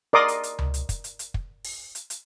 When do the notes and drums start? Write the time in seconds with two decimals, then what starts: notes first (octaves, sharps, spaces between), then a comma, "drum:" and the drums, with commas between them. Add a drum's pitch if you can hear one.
0.13 A#4 D5 D#5 C6 D6 D#6
0.28 drum: hi-hat
0.43 drum: hi-hat
0.59 drum: tom C#2
0.74 drum: hi-hat
0.89 drum: kick, hi-hat
1.04 drum: hi-hat
1.19 drum: hi-hat
1.34 drum: kick
1.65 drum: open hi-hat
1.95 drum: hi-hat
2.10 drum: hi-hat